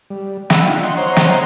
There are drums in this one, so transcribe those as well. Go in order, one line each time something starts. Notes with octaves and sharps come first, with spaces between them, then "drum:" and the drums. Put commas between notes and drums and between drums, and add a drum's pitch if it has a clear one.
G3
F#5 B5 E6, drum: snare
D4 D#4 F4 F5 G5
D#5 F#5 C6
C5 C#5 D#5 F#5 A#5 C6
drum: snare